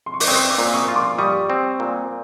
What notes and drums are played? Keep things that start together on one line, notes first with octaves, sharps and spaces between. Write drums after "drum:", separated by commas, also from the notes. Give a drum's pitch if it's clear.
C6
C#6
D6, drum: open hi-hat
C4 C#6 D#6
D6 E6
A#2
C#6 D#6
F4
C6 D6
G3 C#6 D#6
C4
A#2